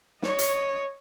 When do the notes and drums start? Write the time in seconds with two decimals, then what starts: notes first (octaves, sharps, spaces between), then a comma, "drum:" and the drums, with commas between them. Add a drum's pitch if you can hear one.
0.22 C#5 D#5, drum: snare
0.39 drum: hi-hat